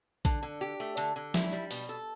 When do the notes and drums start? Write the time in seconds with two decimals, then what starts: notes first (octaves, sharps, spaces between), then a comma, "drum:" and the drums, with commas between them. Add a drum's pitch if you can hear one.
0.25 D3, drum: kick A#1, hi-hat
0.43 D3
0.61 G4
0.80 A3
0.97 D3, drum: hi-hat
1.16 D3
1.34 E4, drum: snare
1.52 G3
1.71 B2, drum: open hi-hat
1.89 A4